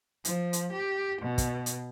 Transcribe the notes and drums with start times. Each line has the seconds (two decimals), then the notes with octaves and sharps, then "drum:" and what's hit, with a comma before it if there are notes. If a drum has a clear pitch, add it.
0.25 F3, drum: hi-hat
0.53 drum: hi-hat
0.72 G4
1.22 B2
1.38 drum: kick, hi-hat
1.66 drum: hi-hat